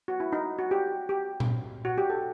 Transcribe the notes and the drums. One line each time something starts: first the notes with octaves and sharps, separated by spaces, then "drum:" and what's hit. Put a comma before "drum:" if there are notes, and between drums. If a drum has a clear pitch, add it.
F#4
E4
D#4
F#4
G4
G4
drum: tom A#2
F#4
G4
A4